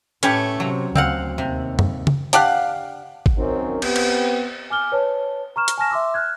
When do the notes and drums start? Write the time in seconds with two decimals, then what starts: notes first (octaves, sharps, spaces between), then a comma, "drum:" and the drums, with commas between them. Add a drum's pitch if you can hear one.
0.23 A2 E3 A3 C#4 G4 C#5, drum: hi-hat
0.60 C3 F#3
0.95 D2 C4 F5 F#5, drum: tom C#3
1.38 D#2 C3
1.79 drum: tom F#2
2.07 drum: tom C#3
2.33 D4 G4 F5 F#5, drum: hi-hat
3.26 drum: kick G#1
3.37 F#2 D#3 C4 C#4 D#4 F#4
3.82 B3 C4 G4, drum: cymbal
3.96 drum: cymbal
4.70 G#5 D6 F6 G7
4.92 B4 C#5 A5
5.56 A#5 C#6 F6 E7
5.68 drum: hi-hat
5.78 G#5 A5 C#6 F6 A#6 E7
5.91 E5 C6 D6 E6
6.14 F6 F#6 G#6